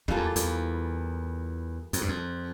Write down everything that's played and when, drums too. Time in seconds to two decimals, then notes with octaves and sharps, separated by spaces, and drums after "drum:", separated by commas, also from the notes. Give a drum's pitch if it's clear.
0.08 F2 E3 G3 A#3 F4 A4, drum: kick
0.17 E2
0.36 E2, drum: hi-hat
1.93 F2, drum: hi-hat
2.01 G2
2.09 F2